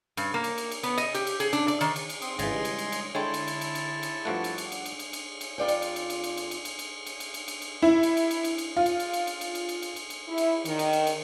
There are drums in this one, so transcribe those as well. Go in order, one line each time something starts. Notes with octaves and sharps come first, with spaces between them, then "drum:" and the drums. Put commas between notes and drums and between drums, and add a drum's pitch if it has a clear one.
G2, drum: cymbal
A#3
drum: cymbal
drum: cymbal
drum: cymbal
B3, drum: cymbal
D#5, drum: cymbal
G4, drum: cymbal
drum: cymbal
G#4, drum: cymbal
D4, drum: cymbal
D5, drum: cymbal
D#3, drum: cymbal
drum: cymbal
drum: cymbal
C4 C6 D#6, drum: cymbal
G#1 C#3 E3 D#5 G#5 C6 A6, drum: cymbal
G3 G#3
drum: cymbal
drum: cymbal
drum: cymbal
D3 G#3 E4 C#5 G5 A5 C6
drum: cymbal
drum: cymbal
drum: cymbal
drum: cymbal
drum: cymbal
G2 F3 A3 F#5 C#6 D6
drum: cymbal
drum: cymbal
drum: cymbal
drum: cymbal
drum: cymbal
drum: cymbal
drum: cymbal
F2 F4 D5 G5
drum: cymbal
drum: cymbal
drum: cymbal
drum: cymbal
drum: cymbal
drum: cymbal
drum: cymbal
drum: cymbal
drum: cymbal
drum: cymbal
drum: cymbal
drum: cymbal
drum: cymbal
drum: cymbal
E4
drum: cymbal
drum: cymbal
drum: cymbal
drum: cymbal
drum: cymbal
F4
drum: cymbal
drum: cymbal
drum: cymbal
drum: cymbal
drum: cymbal
drum: cymbal
drum: cymbal
drum: cymbal
drum: cymbal
drum: cymbal
E4
drum: cymbal
D#3, drum: cymbal
drum: cymbal
drum: cymbal
drum: cymbal